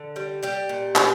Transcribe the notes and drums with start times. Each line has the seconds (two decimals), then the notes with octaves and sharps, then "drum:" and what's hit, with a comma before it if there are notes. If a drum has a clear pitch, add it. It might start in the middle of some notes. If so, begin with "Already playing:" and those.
Already playing: D3
0.16 G3
0.43 G3 G4
0.69 A#2
0.96 A#2, drum: clap